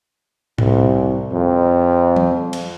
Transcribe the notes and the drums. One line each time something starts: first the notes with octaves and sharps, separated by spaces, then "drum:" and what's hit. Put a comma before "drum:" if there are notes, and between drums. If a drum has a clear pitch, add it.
C2, drum: tom A2
F2
drum: tom F3
drum: cymbal